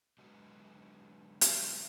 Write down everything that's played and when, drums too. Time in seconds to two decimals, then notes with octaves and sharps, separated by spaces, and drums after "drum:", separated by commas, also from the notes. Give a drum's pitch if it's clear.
0.18 D3 F#3 G#3 B3 F#4 D#5
1.41 drum: hi-hat